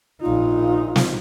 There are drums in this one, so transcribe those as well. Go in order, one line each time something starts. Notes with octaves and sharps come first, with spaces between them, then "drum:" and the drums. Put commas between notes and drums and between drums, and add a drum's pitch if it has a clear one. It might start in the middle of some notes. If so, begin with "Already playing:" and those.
A#1 D#4 F4
drum: snare